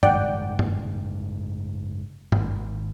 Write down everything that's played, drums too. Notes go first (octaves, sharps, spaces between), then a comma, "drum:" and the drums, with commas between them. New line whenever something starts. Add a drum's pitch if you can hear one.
F#1 G#2 D5 F#5 G5, drum: tom G2
drum: tom G2
G#1, drum: tom G2